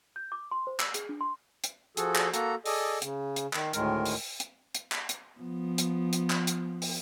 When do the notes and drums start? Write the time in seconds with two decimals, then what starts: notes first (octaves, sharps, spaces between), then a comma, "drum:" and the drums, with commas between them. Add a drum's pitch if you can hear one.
0.16 G6
0.32 D6
0.51 C6
0.67 C5
0.80 E6, drum: clap
0.94 G#4, drum: hi-hat
1.09 D4
1.21 C6
1.64 drum: hi-hat
1.97 F3 F#4 G#4 A4, drum: hi-hat
2.15 drum: clap
2.34 A#3 F#4 A4 A#5, drum: hi-hat
2.66 G#4 A4 D5 D#5, drum: open hi-hat
3.02 C#3, drum: hi-hat
3.36 drum: hi-hat
3.53 D#3, drum: clap
3.73 D2 A2 D#3 G#3 A#4, drum: hi-hat
4.05 drum: open hi-hat
4.40 drum: hi-hat
4.75 drum: hi-hat
4.92 drum: clap
5.09 drum: hi-hat
5.39 F3 B3
5.78 drum: hi-hat
6.13 drum: hi-hat
6.30 drum: clap
6.47 drum: hi-hat
6.82 drum: open hi-hat